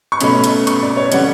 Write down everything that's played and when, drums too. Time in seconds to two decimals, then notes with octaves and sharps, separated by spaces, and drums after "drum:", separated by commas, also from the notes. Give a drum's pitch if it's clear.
0.12 C#6
0.21 B1 B2 A3 C#4 B5, drum: hi-hat
0.44 drum: hi-hat
0.67 C#6, drum: hi-hat
0.82 D5
0.97 C#5
1.12 D3 G3 C#4 F#5, drum: hi-hat